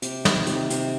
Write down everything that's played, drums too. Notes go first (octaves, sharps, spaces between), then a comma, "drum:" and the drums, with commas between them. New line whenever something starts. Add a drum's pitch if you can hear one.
C3, drum: hi-hat
D#3, drum: snare
C3, drum: hi-hat
C3, drum: hi-hat